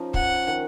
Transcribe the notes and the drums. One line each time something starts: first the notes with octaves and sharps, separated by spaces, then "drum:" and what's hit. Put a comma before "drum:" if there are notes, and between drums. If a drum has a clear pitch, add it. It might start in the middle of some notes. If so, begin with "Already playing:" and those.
Already playing: F3 C#4 D#4
F#5, drum: kick
D#3